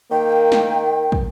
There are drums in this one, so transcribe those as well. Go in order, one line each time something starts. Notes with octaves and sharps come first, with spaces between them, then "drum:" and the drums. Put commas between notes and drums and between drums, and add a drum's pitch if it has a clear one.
D#3 A#3 G5
drum: snare
drum: kick